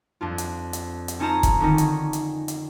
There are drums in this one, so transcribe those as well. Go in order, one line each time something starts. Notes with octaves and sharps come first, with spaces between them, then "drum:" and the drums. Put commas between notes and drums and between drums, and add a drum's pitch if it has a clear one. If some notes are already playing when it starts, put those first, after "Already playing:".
F2 D4 F4
drum: hi-hat
drum: hi-hat
drum: hi-hat
C4 C#4 D#4 F4 A5 A#5
drum: kick, hi-hat
D3 D#3 C#4 D#4
drum: hi-hat
drum: hi-hat
drum: hi-hat